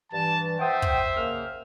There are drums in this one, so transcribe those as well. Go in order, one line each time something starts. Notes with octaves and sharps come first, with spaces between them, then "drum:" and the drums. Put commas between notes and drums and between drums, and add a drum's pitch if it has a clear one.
G2 E3 A5
C5 E5 F#5 G5 D#6
drum: kick
C#3 A#3 F6